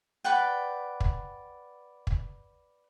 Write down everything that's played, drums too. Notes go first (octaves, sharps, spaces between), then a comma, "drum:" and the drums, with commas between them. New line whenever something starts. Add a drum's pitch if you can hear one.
B4 D5 F#5 G5
drum: kick
drum: kick